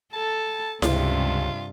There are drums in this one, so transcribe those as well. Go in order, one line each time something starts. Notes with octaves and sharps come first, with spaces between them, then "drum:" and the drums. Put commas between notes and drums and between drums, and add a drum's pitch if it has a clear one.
A4 A5
C#2 G2 C3 F4, drum: snare E4